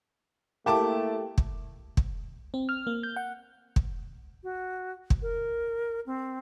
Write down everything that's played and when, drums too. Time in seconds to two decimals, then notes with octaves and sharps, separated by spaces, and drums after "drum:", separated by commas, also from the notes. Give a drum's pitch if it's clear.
0.66 A3 A#3 E4 G4 A5 D6
1.38 drum: kick
1.97 drum: kick
2.54 C4
2.69 F6
2.87 A#3
3.03 G6
3.16 F#5
3.76 drum: kick
4.44 F#4
5.10 drum: kick
5.22 A#4
6.06 C4